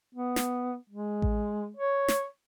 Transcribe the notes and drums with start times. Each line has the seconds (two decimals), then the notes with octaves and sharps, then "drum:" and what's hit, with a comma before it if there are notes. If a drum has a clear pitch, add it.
0.15 B3
0.36 drum: snare
0.90 G#3
1.22 drum: kick A1
1.77 C#5
2.08 drum: snare